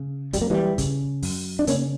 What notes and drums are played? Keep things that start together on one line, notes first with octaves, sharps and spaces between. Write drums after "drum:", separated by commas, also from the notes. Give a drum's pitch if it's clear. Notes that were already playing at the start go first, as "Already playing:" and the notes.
Already playing: C#3
F#2 G3, drum: kick, hi-hat
A#3
E3 G3
C#3, drum: kick, hi-hat
F#2, drum: open hi-hat
D4
C#3 A#3 C#4, drum: hi-hat